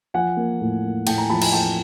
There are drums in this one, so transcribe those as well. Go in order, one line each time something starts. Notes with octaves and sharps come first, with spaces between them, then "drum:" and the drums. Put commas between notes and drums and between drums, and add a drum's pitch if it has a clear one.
F3 F#5 G#5
A#3
A2
A#3
A2 G5 A5, drum: cymbal
G#5 A#5
F3 A5 B5
G#5 A#5, drum: cymbal
F3 G5 A5